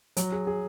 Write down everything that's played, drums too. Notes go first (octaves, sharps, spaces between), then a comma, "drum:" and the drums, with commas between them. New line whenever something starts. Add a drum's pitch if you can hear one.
F#3, drum: hi-hat
G#4
G#4